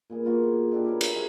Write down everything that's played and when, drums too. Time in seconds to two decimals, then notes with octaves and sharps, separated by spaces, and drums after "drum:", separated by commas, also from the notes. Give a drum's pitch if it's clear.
0.10 A#2 B3 G#4
0.25 A#3 F4 F#4 G#4
0.43 C6
0.71 B2 D4 E4 G4
0.84 E4 A#4 C5 C#5
1.01 drum: cymbal
1.15 E4 F4 G#4 C5